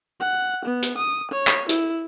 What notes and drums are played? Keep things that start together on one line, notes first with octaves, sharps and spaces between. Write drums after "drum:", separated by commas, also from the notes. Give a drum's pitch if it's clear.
F#5
B3
drum: hi-hat
D#6
C#5
drum: clap
E4, drum: hi-hat